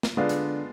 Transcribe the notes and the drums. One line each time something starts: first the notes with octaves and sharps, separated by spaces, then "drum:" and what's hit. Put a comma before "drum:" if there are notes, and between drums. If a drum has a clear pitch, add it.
drum: snare
D3 G#3 B3 D4 F4
drum: hi-hat